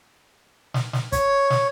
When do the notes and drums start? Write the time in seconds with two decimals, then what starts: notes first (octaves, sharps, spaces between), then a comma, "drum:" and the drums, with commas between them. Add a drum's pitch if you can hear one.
0.74 drum: snare
0.93 drum: snare
1.12 C#5, drum: kick, hi-hat
1.50 drum: snare